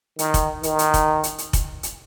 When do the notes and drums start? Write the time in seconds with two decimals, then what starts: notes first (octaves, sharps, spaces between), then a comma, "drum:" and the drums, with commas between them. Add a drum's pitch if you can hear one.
0.19 D#3, drum: hi-hat
0.34 drum: kick F1, hi-hat
0.63 D#3, drum: hi-hat
0.79 drum: hi-hat
0.94 drum: kick F1, hi-hat
1.23 drum: hi-hat
1.38 drum: hi-hat
1.53 drum: kick F1, hi-hat
1.83 drum: hi-hat